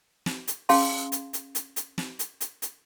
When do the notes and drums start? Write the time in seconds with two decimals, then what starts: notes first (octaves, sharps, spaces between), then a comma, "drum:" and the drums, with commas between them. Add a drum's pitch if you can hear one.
0.26 drum: snare
0.48 drum: hi-hat
0.69 C#4 G#4 F5 G5 A5 C6, drum: open hi-hat
1.12 drum: hi-hat
1.33 drum: hi-hat
1.55 drum: hi-hat
1.76 drum: hi-hat
1.98 drum: snare
2.19 drum: hi-hat
2.41 drum: hi-hat
2.62 drum: hi-hat